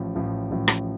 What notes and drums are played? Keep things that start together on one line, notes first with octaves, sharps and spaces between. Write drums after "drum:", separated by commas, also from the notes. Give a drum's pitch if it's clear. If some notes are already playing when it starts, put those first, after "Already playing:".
Already playing: A1 A2 F3
A1 A2 F3
A1 A2 F3
drum: rim click